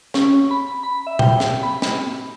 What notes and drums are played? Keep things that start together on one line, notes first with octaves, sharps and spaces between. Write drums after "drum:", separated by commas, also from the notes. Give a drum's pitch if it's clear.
C#4, drum: snare
B5
B5
E5
G5, drum: tom A#2
drum: snare
B5
drum: snare